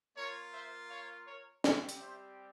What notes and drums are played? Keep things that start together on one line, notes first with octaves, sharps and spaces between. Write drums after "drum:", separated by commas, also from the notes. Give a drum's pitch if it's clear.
A#3 F4 A#4 C#5
C5 E5
C#5 F5
A#4 C#5
G3 C4 G4 C5 E5, drum: snare
drum: hi-hat
C5 E5